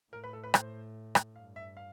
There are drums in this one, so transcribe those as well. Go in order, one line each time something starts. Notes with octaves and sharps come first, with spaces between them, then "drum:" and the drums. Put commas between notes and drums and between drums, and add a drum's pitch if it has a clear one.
A2 A#4
B4
A4
B4
C5, drum: rim click
drum: rim click
G2 F5
E5
F5